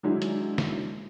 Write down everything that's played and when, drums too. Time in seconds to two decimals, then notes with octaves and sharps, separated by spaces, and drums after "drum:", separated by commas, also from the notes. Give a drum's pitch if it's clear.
0.03 D#3 F#3 G#3 D4 E4
0.22 drum: hi-hat
0.58 drum: snare